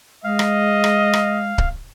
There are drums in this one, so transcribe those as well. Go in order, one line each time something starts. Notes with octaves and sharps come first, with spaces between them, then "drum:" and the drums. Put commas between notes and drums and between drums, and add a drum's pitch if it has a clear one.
G#3 D#5 F5
drum: rim click
drum: rim click
drum: rim click
drum: kick C#1